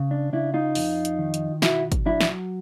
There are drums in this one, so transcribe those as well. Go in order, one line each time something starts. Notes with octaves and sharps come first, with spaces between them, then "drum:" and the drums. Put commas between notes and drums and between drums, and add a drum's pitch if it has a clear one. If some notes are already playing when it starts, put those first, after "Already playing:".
Already playing: C#3
D4
C#3 D4 E4
D#4 F4
F2, drum: open hi-hat
drum: hi-hat
D#3
drum: hi-hat
B1 E4 F#4, drum: snare
drum: kick, hi-hat
F#3 D4 E4
drum: snare